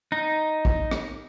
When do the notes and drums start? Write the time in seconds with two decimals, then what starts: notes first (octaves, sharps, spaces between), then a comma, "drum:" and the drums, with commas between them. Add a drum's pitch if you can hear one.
0.12 D#4
0.65 drum: kick
0.91 drum: rim click